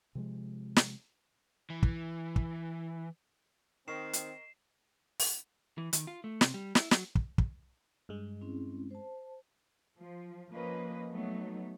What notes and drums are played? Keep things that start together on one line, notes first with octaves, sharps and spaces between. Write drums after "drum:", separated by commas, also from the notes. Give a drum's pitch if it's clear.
C3 F3 G#3
drum: snare
E3
drum: kick
drum: kick
D#3 C4 A#4 D#5 C#6 C7 E7
drum: hi-hat
drum: open hi-hat
E3
D#3, drum: hi-hat
F4
A3
C3, drum: snare
G3
E4, drum: snare
F#3, drum: snare
drum: kick
drum: kick
G2 G#3
C4 C#4 E4
C5 A5
F3
F3 A#3 C#4 B4 D#5
F#3 A3 B3 D#4